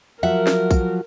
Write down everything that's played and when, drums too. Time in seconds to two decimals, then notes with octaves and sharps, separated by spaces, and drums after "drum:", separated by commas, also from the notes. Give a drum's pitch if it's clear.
0.23 F3 F#3 A#4 E5 F#5
0.47 drum: snare
0.71 drum: kick A#1, tambourine